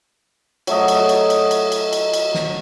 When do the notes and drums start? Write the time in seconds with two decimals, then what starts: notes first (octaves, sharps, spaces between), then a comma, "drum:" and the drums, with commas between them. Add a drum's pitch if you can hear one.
0.67 F#3 A3 D#5, drum: cymbal
0.88 drum: cymbal
1.09 drum: cymbal
1.30 drum: cymbal
1.51 drum: cymbal
1.72 drum: cymbal
1.93 drum: cymbal
2.14 drum: cymbal
2.34 drum: snare